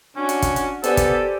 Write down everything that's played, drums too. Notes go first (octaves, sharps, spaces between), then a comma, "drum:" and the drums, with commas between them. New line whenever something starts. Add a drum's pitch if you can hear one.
C#4 D4 F#4
drum: hi-hat
drum: kick, hi-hat
drum: hi-hat
B3 G4 A4 B4 C5 D5 G#5, drum: hi-hat
drum: kick, hi-hat